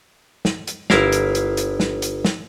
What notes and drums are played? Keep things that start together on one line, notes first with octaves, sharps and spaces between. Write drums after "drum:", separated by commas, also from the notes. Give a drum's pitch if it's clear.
drum: snare
drum: hi-hat
G1 E4 A#4 F5, drum: snare
drum: hi-hat
drum: hi-hat
drum: hi-hat
drum: snare
drum: hi-hat
drum: snare